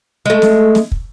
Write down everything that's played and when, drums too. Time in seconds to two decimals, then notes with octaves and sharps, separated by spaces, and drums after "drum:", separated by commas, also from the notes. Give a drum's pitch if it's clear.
0.26 G#3 A3
0.42 drum: snare
0.75 drum: snare
0.92 drum: kick